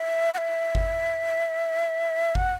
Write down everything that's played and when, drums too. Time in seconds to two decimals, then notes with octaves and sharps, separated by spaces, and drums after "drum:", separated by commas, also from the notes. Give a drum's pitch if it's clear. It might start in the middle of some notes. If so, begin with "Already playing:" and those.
Already playing: E5
0.34 F#5
0.38 E5
0.75 drum: kick G1
2.35 F#5, drum: kick G1